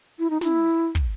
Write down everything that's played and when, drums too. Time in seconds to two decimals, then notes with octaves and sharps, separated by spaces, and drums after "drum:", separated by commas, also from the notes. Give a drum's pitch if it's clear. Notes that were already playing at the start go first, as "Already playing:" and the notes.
0.19 E4
0.30 D#4
0.41 E4, drum: snare
0.95 drum: kick